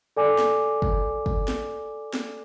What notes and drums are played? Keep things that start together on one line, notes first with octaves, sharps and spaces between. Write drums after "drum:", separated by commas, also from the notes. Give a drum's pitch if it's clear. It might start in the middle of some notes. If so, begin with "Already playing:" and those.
A4 D5 G#5 D6
drum: snare
drum: kick
drum: kick
drum: snare
drum: snare